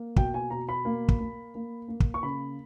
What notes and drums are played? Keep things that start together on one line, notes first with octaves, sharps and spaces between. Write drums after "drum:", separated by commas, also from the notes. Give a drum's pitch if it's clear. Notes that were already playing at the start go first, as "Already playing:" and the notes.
Already playing: A#3
B2 G5, drum: kick
G#5
B2 A#5
B5
A#3
drum: kick
A#3
A#3
A#3
drum: kick
C#6
C#3 B5